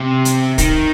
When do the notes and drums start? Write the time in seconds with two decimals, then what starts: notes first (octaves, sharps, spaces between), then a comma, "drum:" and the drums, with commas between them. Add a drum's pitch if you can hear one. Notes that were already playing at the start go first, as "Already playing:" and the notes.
Already playing: C3
0.25 drum: hi-hat
0.58 D#3, drum: kick, hi-hat